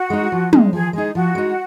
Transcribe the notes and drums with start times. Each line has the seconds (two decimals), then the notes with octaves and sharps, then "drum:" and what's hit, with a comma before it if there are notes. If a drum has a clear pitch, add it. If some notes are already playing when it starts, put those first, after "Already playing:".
Already playing: F#4
0.10 G#3 D#4
0.32 F3
0.53 G#3 D#4, drum: tom
0.73 F3 G#4
0.93 G#3 D#4 G#4
1.15 F3 F#4
1.35 G#3 D#4